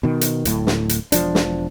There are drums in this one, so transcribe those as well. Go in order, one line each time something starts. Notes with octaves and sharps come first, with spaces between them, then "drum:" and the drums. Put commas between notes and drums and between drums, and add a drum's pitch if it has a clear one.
B2 D#3
drum: hi-hat
D1 A2, drum: hi-hat
drum: snare
drum: hi-hat
E1 F3 D4, drum: hi-hat
drum: snare